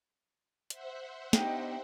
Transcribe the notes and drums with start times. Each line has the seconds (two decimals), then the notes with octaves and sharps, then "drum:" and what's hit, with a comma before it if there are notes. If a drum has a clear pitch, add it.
0.70 C5 E5 F#5, drum: hi-hat
1.33 B3 D4 D#4 G4 D#5 G5, drum: snare